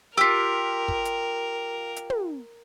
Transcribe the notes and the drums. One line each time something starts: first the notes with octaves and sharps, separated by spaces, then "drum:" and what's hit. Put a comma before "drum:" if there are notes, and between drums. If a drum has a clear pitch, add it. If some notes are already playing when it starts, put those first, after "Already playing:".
F4 G4 A#4 E6 B6
drum: kick
drum: hi-hat
drum: hi-hat
drum: tom